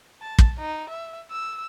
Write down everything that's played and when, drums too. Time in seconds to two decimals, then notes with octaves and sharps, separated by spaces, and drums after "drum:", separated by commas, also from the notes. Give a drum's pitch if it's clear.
0.21 A5
0.39 drum: kick
0.59 D#4
0.90 E5
1.31 E6